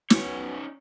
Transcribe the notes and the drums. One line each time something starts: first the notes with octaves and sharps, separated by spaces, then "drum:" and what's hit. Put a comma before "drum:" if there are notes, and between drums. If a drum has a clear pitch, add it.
F#3 B3 C#4 D#4 C#5, drum: snare